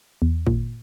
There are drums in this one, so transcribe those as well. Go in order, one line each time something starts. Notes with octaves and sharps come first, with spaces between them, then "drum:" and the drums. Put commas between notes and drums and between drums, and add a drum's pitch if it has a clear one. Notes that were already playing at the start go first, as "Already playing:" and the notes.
E2
A#2, drum: kick